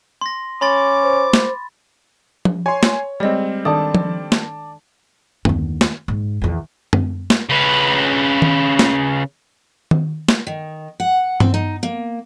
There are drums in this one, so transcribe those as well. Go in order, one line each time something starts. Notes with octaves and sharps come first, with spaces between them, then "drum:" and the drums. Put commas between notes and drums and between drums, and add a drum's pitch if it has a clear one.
C6 A#6
C#4 B5 C6 D6 A6
C5
drum: snare
drum: tom F3
C#5 G#5 C6
drum: snare
G3 G#3 C4 D5 D#5
D#3 D4 A4 D5 A5 D#6
drum: tom F3
drum: snare
D#2 D3, drum: tom F#2
drum: snare
G#2
E2 D#3
drum: tom F#2
drum: snare
C#3 B4
drum: tom D#3
drum: snare
drum: tom D#3
drum: snare
D#3
F#5
C4, drum: tom G2
D#4
A#3